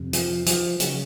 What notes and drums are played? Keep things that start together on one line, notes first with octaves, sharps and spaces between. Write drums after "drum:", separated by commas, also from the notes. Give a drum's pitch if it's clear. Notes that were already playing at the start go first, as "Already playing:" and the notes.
Already playing: F2 C3
F3, drum: hi-hat
F3, drum: hi-hat
C#3 F#3, drum: hi-hat